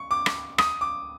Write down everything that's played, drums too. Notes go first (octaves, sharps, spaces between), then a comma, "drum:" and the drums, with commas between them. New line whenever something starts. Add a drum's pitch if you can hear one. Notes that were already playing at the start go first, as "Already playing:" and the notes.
Already playing: C#6
D6
drum: rim click
D#6, drum: rim click
D6